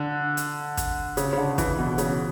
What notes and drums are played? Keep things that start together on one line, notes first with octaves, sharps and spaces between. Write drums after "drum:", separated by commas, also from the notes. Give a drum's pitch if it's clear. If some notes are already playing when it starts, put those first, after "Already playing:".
Already playing: D3
drum: hi-hat
drum: kick, hi-hat
C#3, drum: hi-hat
C#3
D3
E3, drum: kick, hi-hat
B2
C#3, drum: hi-hat